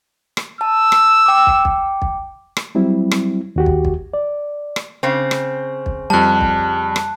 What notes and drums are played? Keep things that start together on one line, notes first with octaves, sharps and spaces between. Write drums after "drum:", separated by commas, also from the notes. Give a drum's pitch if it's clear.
drum: rim click
A5 E6
drum: rim click
G5 D6
drum: kick
drum: kick
drum: kick
drum: rim click
F#3 G3 C4 E4
drum: rim click
D#2 F#4 G4
drum: kick
drum: kick
D5
drum: rim click
C#3 C4
drum: rim click
drum: kick
F2 G3 A5 F#6
drum: kick
drum: rim click